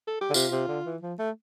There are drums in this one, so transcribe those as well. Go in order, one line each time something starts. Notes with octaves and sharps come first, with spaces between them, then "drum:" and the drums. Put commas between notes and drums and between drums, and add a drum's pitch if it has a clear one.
A4
G4
D3
C3 F4, drum: tambourine
C3
D3
E3
F3
A3